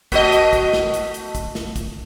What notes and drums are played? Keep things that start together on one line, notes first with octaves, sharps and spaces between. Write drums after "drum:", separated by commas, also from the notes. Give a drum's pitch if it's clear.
A3 F#4 D#5, drum: kick, hi-hat
drum: hi-hat
drum: kick, hi-hat
drum: snare
drum: hi-hat
drum: hi-hat
drum: kick, hi-hat
drum: snare
drum: kick, hi-hat